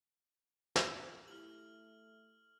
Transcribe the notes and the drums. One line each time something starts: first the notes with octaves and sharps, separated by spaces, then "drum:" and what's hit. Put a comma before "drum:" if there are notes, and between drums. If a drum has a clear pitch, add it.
F3, drum: snare
A3 E4 G4 F6 F#7